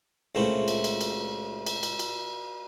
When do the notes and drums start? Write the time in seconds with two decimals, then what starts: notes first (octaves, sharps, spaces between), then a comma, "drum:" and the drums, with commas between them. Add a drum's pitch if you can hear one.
0.35 C#2 A#2 A3 C4 C#4 E4
0.68 drum: cymbal
0.84 drum: cymbal
1.01 drum: cymbal
1.66 drum: cymbal
1.83 drum: cymbal
1.99 drum: cymbal